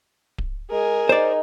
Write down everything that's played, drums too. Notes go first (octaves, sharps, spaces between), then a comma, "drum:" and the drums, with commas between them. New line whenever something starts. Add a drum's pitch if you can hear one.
drum: kick D1
G#3 G#4 A#4
D#4 C5 D5